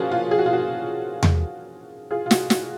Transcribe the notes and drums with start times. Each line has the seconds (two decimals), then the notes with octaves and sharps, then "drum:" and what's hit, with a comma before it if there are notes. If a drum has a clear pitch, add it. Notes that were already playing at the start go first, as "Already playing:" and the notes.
Already playing: F3 A#3 C#4 F4 F#4 G#4
0.11 F4
0.31 G#4
0.39 F#4
0.46 F4
0.53 F#4
1.23 drum: tom E2
2.10 F4 G#4
2.26 F4
2.31 F#4, drum: snare
2.50 F#4, drum: snare